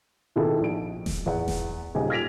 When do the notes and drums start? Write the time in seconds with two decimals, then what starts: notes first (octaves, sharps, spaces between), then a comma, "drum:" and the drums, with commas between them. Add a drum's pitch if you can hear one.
0.36 B2 D#3 E4 G#4 A4
0.60 A#1 D7
1.06 drum: snare D#1
1.26 E2 F#5
1.48 drum: snare D#1
1.95 D#1 C#3 D#4 G4 G#5
2.10 F6 G#6 A#6 B6 D7 F7